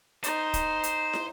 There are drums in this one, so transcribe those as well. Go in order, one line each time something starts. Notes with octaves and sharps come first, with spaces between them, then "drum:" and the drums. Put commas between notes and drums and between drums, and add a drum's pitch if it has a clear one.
D#4 C5, drum: hi-hat
drum: kick, hi-hat
drum: hi-hat
drum: snare